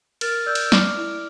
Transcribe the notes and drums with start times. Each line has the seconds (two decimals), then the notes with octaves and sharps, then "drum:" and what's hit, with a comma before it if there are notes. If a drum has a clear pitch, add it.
0.21 A#4 F6 A6, drum: cymbal
0.46 D5 E6 G6
0.55 drum: cymbal
0.65 E6
0.72 D5 D6 F6, drum: snare
0.97 E4